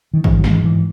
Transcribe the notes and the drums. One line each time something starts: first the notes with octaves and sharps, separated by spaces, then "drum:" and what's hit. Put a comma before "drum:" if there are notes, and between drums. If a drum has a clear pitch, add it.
D#3
G#2 E3, drum: kick
D#3 F#3
G#2, drum: snare
E3 G#3
G#2 E3